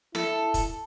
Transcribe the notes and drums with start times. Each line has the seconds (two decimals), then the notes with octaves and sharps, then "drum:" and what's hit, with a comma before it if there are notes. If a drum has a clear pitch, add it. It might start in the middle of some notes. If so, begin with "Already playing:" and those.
0.15 E4 A4, drum: snare
0.54 drum: kick, hi-hat